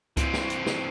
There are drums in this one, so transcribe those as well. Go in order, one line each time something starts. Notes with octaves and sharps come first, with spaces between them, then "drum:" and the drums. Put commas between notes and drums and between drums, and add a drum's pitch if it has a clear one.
E3 C4, drum: kick C#2, hi-hat
drum: snare
drum: hi-hat
drum: snare